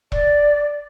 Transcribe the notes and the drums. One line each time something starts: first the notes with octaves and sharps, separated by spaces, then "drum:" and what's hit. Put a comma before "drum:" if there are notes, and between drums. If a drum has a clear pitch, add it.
D5, drum: kick E1